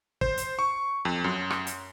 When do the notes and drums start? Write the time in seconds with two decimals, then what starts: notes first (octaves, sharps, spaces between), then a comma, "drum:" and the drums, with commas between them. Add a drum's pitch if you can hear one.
0.21 C5, drum: kick
0.37 drum: hi-hat
0.59 C#6
1.05 F2
1.24 F#2
1.50 drum: rim click
1.67 drum: hi-hat